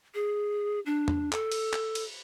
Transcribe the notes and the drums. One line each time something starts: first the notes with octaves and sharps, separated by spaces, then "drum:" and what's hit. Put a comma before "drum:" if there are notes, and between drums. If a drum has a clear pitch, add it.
G#4
D4
drum: tom E2
A4, drum: clap
drum: cymbal
drum: clap
drum: cymbal